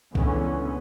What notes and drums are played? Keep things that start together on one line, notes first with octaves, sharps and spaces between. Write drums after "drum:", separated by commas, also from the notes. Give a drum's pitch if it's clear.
C#2 D3 E3 B3 C#4, drum: kick